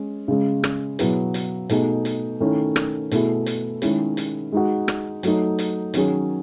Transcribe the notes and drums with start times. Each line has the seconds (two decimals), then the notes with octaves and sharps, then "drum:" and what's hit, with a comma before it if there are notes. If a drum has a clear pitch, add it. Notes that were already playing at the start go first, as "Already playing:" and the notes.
Already playing: G#3 C#4
0.28 C#3 G#3 C#4
0.64 drum: rim click
0.99 B2 F#3 B3 E4 G#4, drum: hi-hat
1.34 drum: hi-hat
1.70 B2 A3 D#4 G#4, drum: hi-hat
2.05 drum: hi-hat
2.40 D#3 A3 C#4 E4
2.76 drum: rim click
3.11 B2 A3 E4 G#4, drum: hi-hat
3.46 drum: hi-hat
3.82 D#3 G#3 C#4 E4 G#4, drum: hi-hat
4.17 drum: hi-hat
4.52 G#3 D#4 F#4
4.88 drum: rim click
5.23 F#3 A3 D#4, drum: hi-hat
5.59 drum: hi-hat
5.94 D#3 F#3 C#4 G#4, drum: hi-hat